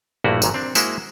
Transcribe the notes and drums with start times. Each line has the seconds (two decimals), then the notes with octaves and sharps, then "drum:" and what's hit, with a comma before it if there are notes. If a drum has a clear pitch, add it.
0.24 A#1 G2 A3 A#3 E4 F#4
0.42 G#1 A#2 F#3, drum: tambourine
0.54 C4 D4
0.75 G#3 A#3 E4 F#4 C5, drum: tambourine